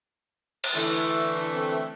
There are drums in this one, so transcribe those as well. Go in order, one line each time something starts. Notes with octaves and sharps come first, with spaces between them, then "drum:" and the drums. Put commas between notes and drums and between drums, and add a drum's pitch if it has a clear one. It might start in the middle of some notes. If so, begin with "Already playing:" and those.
drum: cymbal
D3 E3 A3 E4
C4